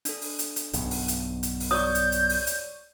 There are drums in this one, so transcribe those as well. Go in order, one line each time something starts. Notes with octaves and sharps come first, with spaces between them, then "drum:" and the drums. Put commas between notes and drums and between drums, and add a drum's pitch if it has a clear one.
D4 A4, drum: hi-hat
drum: open hi-hat
drum: hi-hat
drum: hi-hat
B1 G2 B2, drum: hi-hat
drum: open hi-hat
drum: hi-hat
drum: hi-hat
drum: open hi-hat
C#5 D5 C#6 D#6 G6
drum: hi-hat
drum: hi-hat
drum: open hi-hat
drum: hi-hat